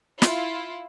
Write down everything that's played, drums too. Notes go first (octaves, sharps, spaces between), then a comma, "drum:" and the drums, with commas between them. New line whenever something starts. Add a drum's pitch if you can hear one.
E4 F4, drum: snare